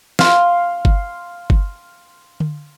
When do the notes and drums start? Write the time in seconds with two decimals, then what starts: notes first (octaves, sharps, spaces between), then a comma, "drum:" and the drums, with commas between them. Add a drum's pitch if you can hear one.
0.19 F5 C6, drum: snare
0.85 drum: kick G1
1.50 drum: kick G1
2.40 drum: tom D3